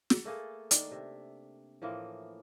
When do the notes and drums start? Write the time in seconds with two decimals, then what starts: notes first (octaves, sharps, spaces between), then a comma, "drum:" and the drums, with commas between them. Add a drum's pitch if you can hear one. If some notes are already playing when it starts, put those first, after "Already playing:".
0.10 drum: snare
0.25 A3 A#3 G#4 A4
0.71 D#3 D4, drum: hi-hat
0.91 C3 E5
1.82 A2 E3 F3 A#3